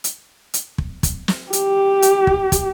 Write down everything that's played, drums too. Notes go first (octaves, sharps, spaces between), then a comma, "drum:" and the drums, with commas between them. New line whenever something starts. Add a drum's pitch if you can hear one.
drum: hi-hat
drum: hi-hat
drum: kick
drum: kick, hi-hat
drum: snare
G4, drum: hi-hat
drum: hi-hat
drum: kick
drum: kick, hi-hat